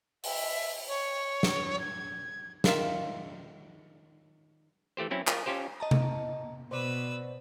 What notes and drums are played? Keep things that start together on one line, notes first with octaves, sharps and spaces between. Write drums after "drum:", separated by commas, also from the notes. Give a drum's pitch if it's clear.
E5, drum: open hi-hat
C#5
drum: snare
G#6
D#3 F4 E5, drum: snare
E3 A3 G4 C5
F#3 C4 C#4 E4
F4 A#4, drum: clap
C#4 F4 G4 C5
D#5 A5 A#5
drum: tom C3
B2 B4 C5 D5 E6